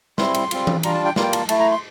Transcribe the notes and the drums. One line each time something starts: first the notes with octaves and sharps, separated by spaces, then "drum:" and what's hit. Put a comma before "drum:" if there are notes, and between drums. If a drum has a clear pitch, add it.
G3 C4 E4 C6, drum: snare
drum: cymbal
G3 C4 F4, drum: cymbal
drum: tom E3
G3 D4 F4 A#5, drum: cymbal
A5
G5
G3 A#3 F4, drum: snare
G5
A5, drum: cymbal
A3 E4 A5, drum: cymbal
A#5
C6